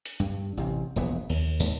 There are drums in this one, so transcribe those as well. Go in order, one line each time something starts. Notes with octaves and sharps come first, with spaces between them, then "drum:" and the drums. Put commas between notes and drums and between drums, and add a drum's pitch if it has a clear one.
drum: hi-hat
G2
A1 C3
E1 A#1 B3
D#2, drum: cymbal
D#2 G#2, drum: tambourine